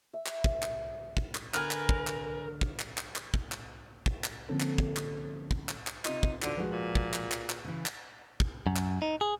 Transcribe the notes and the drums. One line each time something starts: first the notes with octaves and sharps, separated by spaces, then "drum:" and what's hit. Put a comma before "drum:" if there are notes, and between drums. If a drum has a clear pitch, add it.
E5
drum: clap
drum: kick
drum: clap
drum: kick
drum: clap
D3 A#4 B4 G#5 F6, drum: clap
drum: clap
drum: kick
drum: clap
drum: kick
drum: clap
drum: clap
drum: clap
drum: kick
drum: clap
drum: kick
drum: clap
D3 F3 A#3 C4 C#4 A4
drum: clap
drum: kick
drum: clap
drum: kick
drum: clap
drum: clap
C3 D#4 F4, drum: clap
drum: kick
D2 D3 D4 F4 F#4, drum: clap
F3 G#3 F#4 G#4 B4
A#2
drum: kick
drum: clap
drum: clap
drum: clap
C#3 E3
drum: clap
drum: kick
F#2
drum: clap
D#4
G#4